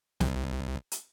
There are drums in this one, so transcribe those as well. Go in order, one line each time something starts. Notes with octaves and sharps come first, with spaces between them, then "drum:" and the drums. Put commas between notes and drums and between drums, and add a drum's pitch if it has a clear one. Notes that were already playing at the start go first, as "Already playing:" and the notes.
C2, drum: snare
drum: hi-hat